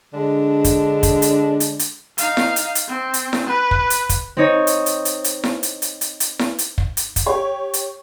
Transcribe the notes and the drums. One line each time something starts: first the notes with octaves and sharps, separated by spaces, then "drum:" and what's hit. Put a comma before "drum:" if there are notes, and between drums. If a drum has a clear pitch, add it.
D3 G#3 D4
drum: kick, hi-hat
drum: kick, hi-hat
drum: hi-hat
drum: hi-hat
drum: hi-hat
D#4 F5, drum: hi-hat
drum: snare E4
drum: hi-hat
drum: hi-hat
C4
drum: hi-hat
drum: snare E4
B4
drum: kick
drum: hi-hat
drum: kick, hi-hat
C4 D#4 C#5
drum: hi-hat
drum: hi-hat
drum: hi-hat
drum: hi-hat
drum: snare E4
drum: hi-hat
drum: hi-hat
drum: hi-hat
drum: hi-hat
drum: snare E4
drum: hi-hat
drum: kick
drum: hi-hat
drum: kick, hi-hat
G4 C#5
drum: hi-hat